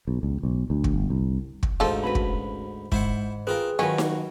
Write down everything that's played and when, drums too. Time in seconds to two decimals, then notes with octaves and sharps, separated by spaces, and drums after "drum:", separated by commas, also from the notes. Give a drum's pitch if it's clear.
0.08 B1
0.23 C#2
0.43 B1
0.70 D2
0.84 drum: kick
0.94 G1
1.10 C2
1.63 drum: kick
1.80 D2 G#2 F3 D#4 A4
2.04 C#4 F#4 B4 B5
2.15 drum: kick
2.92 G#2 E4 C5 F#5, drum: kick
3.47 C4 F4 G#4 A#4 B4
3.79 D#3 F3 F#3 C#4 B4 F#5
3.98 drum: snare D#4